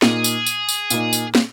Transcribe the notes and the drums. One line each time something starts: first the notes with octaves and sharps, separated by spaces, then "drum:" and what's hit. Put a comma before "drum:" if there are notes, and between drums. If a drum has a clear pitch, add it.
A#2 A#3 D#4 G#4, drum: snare
drum: tambourine
drum: tambourine
drum: tambourine
A#2 A#3 D#4, drum: tambourine
drum: tambourine
drum: snare